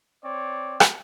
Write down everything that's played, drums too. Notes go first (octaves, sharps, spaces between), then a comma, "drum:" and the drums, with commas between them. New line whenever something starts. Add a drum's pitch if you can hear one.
C4 C#5 D5
drum: rim click